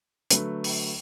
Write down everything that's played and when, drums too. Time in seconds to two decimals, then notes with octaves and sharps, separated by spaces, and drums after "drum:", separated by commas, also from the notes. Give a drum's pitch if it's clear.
0.30 D3 F#3 A3 B4, drum: hi-hat
0.64 drum: open hi-hat